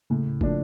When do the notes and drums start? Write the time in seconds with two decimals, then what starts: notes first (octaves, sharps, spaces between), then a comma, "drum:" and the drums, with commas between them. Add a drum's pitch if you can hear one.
0.10 A2 C#3
0.41 F3 A3 D4, drum: kick